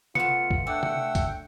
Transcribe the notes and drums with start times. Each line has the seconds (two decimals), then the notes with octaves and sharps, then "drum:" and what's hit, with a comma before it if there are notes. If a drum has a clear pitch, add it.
0.15 A3 B3 F4 C#7, drum: tom C3
0.51 drum: kick
0.67 A3 D4 F#5 G5 E6
0.83 drum: tom C3
1.15 drum: kick, hi-hat